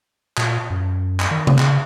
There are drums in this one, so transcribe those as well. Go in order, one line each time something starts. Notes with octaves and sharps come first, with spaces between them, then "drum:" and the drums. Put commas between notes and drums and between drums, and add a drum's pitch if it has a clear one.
A#2, drum: clap
F#2
drum: clap
D#3
drum: tom C3
C#3, drum: clap